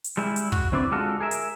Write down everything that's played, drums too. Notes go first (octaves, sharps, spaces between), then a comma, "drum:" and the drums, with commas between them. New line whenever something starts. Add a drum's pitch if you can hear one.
drum: hi-hat
G3 G#3 E4
drum: hi-hat
F#4, drum: kick
F#2 D3 C4 E4 B4 D5
D3 G#3 F4 F#4 A4
G#4 A#4 E5
drum: hi-hat